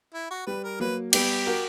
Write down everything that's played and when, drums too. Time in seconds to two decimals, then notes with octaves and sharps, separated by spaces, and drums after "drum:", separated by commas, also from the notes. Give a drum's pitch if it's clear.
0.14 E4
0.31 F#4
0.47 G3 B4
0.64 A#4
0.80 F#3 A#3 B4
1.13 G3 B3 G4, drum: cymbal
1.47 F#4 A#4